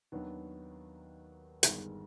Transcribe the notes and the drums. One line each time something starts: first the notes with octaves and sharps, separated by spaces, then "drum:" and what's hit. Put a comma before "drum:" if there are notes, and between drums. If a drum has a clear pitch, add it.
D#2 D#3 F#3 B3 D4
G1 G2 D#3 G#3 B3, drum: hi-hat